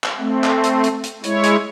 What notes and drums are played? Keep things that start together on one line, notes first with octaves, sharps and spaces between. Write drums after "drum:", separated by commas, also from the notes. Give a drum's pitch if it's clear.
drum: clap
A3 C4
drum: clap
drum: hi-hat
drum: hi-hat
drum: hi-hat
G#3 E4 C#5, drum: hi-hat
drum: hi-hat